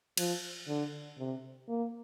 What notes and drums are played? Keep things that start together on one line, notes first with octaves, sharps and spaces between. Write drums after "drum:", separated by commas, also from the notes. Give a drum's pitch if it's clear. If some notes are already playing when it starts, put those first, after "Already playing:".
F3, drum: cymbal
D3
C3
A#3